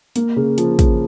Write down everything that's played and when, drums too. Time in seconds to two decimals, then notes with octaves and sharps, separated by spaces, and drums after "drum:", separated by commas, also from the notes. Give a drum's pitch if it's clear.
0.16 A#3, drum: hi-hat
0.36 C#3
0.58 F3, drum: hi-hat
0.79 C#3, drum: kick, hi-hat